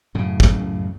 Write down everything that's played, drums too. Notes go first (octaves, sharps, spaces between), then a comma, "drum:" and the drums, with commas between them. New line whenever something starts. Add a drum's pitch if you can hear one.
F#2 A2 C#3
drum: kick